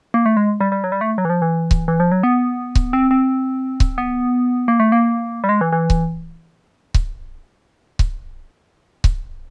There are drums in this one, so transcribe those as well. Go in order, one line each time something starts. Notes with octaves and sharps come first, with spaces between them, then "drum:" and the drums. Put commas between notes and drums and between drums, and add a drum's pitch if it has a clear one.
A#3
A3
G#3
G3
G3
F#3
G3
A3
F#3
E3
F3
E3
drum: kick C#1
E3
F3
F#3
B3
drum: kick C#1
C4
C4
drum: kick C#1
B3
A#3
A3
A#3
G3
G#3
E3
E3
drum: kick C#1
drum: kick C#1
drum: kick C#1
drum: kick C#1